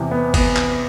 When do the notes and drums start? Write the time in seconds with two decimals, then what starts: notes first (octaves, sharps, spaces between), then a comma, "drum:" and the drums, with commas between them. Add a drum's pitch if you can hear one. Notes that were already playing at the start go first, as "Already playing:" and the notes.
Already playing: E2 C3
0.11 B3
0.34 B3, drum: kick G1, cymbal
0.57 drum: clap